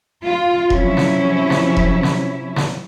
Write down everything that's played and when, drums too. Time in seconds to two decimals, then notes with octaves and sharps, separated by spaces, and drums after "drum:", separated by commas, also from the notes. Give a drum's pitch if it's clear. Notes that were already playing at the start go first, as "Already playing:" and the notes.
0.22 F4
0.70 C3 F3 F#3 C#4 E4, drum: kick E1
0.97 drum: snare
1.50 drum: snare
1.77 drum: kick E1
2.03 drum: snare
2.56 drum: snare